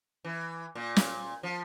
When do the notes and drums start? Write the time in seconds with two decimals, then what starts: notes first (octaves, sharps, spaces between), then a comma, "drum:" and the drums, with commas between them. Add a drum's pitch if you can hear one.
0.25 E3
0.75 A#2
0.96 drum: snare
1.43 F3